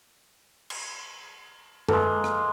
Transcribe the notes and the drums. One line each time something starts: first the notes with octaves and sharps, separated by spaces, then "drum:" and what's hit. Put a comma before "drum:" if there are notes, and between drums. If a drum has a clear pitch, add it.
drum: cymbal
G#3 A#3 A4 B4, drum: tom F#2
drum: rim click